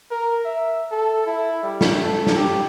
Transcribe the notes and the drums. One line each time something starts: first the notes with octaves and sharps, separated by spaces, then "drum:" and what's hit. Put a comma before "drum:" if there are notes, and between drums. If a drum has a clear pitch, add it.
A#4
E5
A4
E4
G3
drum: snare
A4
drum: snare
G4